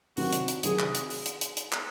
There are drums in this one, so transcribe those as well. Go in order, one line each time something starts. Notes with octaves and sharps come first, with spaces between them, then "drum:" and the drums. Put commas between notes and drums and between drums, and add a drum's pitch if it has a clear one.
C3 D#3 F#3 C4 F#4, drum: open hi-hat
drum: hi-hat
drum: hi-hat
C3 D#3 F#3 C4 G#4, drum: hi-hat
drum: clap
drum: hi-hat
drum: open hi-hat
drum: hi-hat
drum: hi-hat
drum: hi-hat
drum: clap